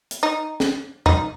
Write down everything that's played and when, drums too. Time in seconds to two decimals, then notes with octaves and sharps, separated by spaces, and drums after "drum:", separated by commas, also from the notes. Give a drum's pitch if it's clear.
0.11 drum: hi-hat
0.23 D#4
0.60 drum: snare
1.06 D#4, drum: tom E2